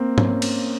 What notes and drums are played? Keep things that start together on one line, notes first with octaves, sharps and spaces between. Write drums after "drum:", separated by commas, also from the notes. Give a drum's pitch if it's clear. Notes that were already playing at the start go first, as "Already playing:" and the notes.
Already playing: A#3 C4
C#4, drum: tom G#2
drum: cymbal